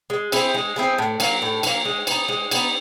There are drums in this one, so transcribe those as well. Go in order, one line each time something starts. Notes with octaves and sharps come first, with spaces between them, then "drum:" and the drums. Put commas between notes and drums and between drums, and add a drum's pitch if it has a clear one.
G#3
C4 E4 G#4, drum: cymbal
G#3
C4 E4 G#4
A2
F#3 A#3, drum: cymbal
A2
F#3 A#3, drum: cymbal
G#3
B3 D#4, drum: cymbal
G#3
B3 D#4, drum: cymbal